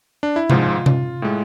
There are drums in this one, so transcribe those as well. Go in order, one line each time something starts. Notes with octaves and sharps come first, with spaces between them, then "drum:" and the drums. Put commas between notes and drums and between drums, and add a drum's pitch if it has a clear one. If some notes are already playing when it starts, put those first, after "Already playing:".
D4
E4
G#1 G#2 F3 G#3 F4, drum: tom C3
drum: tom C3
A2 G#3